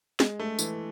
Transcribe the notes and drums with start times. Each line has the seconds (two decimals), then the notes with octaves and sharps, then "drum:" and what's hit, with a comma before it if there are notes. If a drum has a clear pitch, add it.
0.20 G#3, drum: snare
0.40 A3
0.59 E3, drum: tambourine